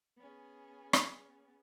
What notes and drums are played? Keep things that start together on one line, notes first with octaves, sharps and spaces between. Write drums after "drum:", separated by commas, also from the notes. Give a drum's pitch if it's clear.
B3 C#4 G#4
drum: rim click